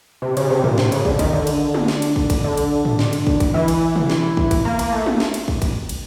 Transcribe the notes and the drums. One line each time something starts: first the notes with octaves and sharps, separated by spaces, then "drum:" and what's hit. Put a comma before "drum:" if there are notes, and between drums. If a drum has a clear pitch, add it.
C3
C#3, drum: cymbal
C3
A#2, drum: tom
C3, drum: snare
C#3, drum: cymbal
D3, drum: kick
D#3, drum: kick, cymbal
D3
drum: cymbal
drum: tom
drum: snare
drum: cymbal
drum: kick
drum: kick, cymbal
D3
drum: cymbal
drum: tom
drum: snare
drum: cymbal
drum: kick
drum: kick, cymbal
E3
drum: cymbal
drum: tom
drum: snare
drum: kick
drum: kick, cymbal
A#3
A#3, drum: cymbal
A3
drum: tom
drum: snare
drum: cymbal
drum: kick
drum: kick, cymbal
drum: cymbal